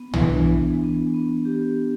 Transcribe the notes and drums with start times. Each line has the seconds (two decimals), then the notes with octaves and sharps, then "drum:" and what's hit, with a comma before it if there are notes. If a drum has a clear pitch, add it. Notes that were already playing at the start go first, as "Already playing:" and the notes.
Already playing: B3
0.14 E3, drum: tom
0.24 D4
0.34 E3
0.54 B3
0.84 B3
1.14 B3
1.45 G4